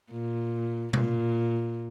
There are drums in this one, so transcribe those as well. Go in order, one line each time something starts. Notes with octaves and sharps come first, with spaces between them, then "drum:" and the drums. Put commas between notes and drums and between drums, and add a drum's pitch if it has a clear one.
A#2
A#2, drum: tom B2